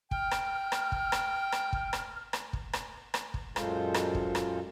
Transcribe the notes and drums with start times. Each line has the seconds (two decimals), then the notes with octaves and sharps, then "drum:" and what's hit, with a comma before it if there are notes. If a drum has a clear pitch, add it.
0.11 G5 F6, drum: kick
0.31 drum: rim click
0.72 drum: rim click
0.92 drum: kick
1.12 drum: rim click
1.52 drum: rim click
1.73 drum: kick
1.93 drum: rim click
2.33 drum: rim click
2.53 drum: kick
2.73 drum: rim click
3.14 drum: rim click
3.34 drum: kick
3.56 F#2 A#2 G#3 F4 A4 C5, drum: rim click
3.94 drum: rim click
4.15 drum: kick
4.35 drum: rim click